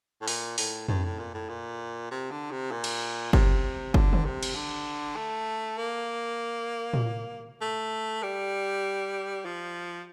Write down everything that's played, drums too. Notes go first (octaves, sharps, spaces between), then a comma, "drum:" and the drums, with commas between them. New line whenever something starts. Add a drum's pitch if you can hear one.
A2
A#2, drum: open hi-hat
A2, drum: open hi-hat
G2, drum: tom F2
A2
A#2
A2
A#2
C3
D3
C3
A#2
drum: cymbal
C3, drum: kick F#1
D3, drum: kick F#1
drum: tom D3
C3
drum: cymbal
D3
A3
A#3
drum: tom A2
A3
G3
F3